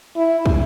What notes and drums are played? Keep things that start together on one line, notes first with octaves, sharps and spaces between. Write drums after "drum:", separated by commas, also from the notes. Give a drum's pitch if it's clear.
E4
drum: kick